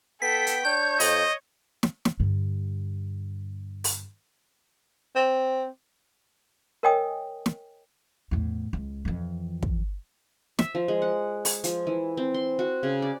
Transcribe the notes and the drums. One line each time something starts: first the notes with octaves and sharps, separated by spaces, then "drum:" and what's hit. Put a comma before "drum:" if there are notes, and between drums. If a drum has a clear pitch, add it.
B3 A4 G5 B6
drum: hi-hat
D4 C#5 G6
F2 D#5, drum: open hi-hat
drum: snare
drum: snare
G2 D3
drum: open hi-hat
C4
A#4 C#5 D#5 G5 G#5 D#6
drum: snare
E2 A2
C#2
F2 E3
drum: kick
E5, drum: snare
F3
G#3
F#5
C#5, drum: open hi-hat
F3, drum: hi-hat
E3
C4
C6
F#4
C#3
D5